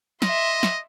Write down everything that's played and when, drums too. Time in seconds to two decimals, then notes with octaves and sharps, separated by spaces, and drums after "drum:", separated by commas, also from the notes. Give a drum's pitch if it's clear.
0.22 D#5 E5 C6, drum: snare
0.63 drum: snare